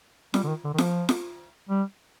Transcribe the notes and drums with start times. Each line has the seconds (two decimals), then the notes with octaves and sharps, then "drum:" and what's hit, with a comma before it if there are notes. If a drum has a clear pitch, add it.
0.34 G3, drum: snare F4
0.44 D3
0.48 D#3
0.64 D3
0.74 D#3
0.78 F3, drum: snare F4
1.09 drum: snare F4
1.69 G3